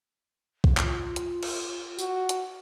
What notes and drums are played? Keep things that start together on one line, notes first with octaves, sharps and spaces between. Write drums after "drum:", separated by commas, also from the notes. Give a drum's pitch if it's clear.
drum: kick B1
F4, drum: clap
drum: hi-hat
drum: cymbal
F#4, drum: tambourine
drum: hi-hat